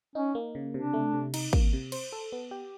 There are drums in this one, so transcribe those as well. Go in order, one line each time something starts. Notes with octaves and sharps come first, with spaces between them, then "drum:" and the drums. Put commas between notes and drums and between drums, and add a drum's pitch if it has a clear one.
C#4 D#4
A#3
C#3
C3 D4
A3
C3
D#4, drum: cymbal
A#3, drum: kick G#1
C3
C5, drum: cymbal
A4
B3
G4